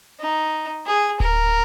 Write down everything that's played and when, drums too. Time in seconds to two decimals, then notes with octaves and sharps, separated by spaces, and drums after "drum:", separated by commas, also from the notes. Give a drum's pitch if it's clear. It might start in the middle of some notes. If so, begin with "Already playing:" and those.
0.20 D#4
0.86 G#4
1.20 A#4, drum: kick D1